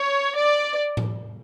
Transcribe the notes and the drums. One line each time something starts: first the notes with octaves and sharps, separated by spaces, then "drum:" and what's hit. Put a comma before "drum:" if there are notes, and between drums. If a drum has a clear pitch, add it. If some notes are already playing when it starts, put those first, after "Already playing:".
Already playing: C#5
D5
drum: tom A2